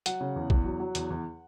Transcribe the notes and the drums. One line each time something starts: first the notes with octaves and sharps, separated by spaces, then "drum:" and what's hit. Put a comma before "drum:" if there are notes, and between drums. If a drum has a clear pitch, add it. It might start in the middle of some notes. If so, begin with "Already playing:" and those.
F#3 F#5, drum: hi-hat
C#3
E2
E2, drum: kick A#1
F#3
F#3
E2, drum: hi-hat
E2